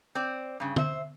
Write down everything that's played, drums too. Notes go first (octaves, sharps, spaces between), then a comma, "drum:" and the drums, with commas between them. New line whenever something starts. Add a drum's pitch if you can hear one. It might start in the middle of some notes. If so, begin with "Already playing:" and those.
C4 D5
G2 C#3
C5 E5, drum: tom